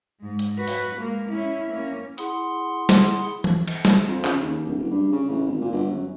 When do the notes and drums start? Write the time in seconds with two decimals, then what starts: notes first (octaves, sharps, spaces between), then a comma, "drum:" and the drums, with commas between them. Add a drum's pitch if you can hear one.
0.20 G#2 G#3
0.39 drum: hi-hat
0.57 F#4 B4
0.68 drum: open hi-hat
0.96 G#3 A#3
1.29 C#4 E4
1.71 A#3 C#4
2.18 E4 G#4 F#5 C6, drum: hi-hat
2.89 drum: snare
3.44 drum: tom E3
3.68 drum: cymbal
3.85 drum: snare
4.08 F2
4.25 C#3, drum: clap
4.42 D#2
4.66 D1
4.78 F#1
4.91 G2
5.13 C#3
5.29 A1
5.46 G#1
5.61 A#2
5.72 G1
5.91 F#2